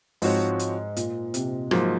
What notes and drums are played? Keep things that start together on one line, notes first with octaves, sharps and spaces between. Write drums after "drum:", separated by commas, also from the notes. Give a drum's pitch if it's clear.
G#2 F3 C4 F#4 C#5, drum: open hi-hat
drum: hi-hat
A#2, drum: hi-hat
C3, drum: hi-hat
G#2 F3 F#3 A#3, drum: rim click